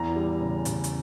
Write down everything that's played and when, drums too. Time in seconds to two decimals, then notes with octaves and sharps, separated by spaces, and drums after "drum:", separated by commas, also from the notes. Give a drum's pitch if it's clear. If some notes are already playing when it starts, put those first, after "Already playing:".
Already playing: E2 A#5
0.16 G3
0.41 C#3
0.65 C#3, drum: hi-hat
0.84 drum: hi-hat